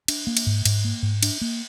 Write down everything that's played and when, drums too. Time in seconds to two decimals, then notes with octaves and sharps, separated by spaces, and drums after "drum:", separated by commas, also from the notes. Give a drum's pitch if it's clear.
0.08 D4, drum: cymbal
0.27 A#3
0.37 drum: cymbal
0.47 G#2
0.65 G#2, drum: cymbal
0.85 A#3
1.03 G#2
1.23 D4, drum: cymbal
1.41 A#3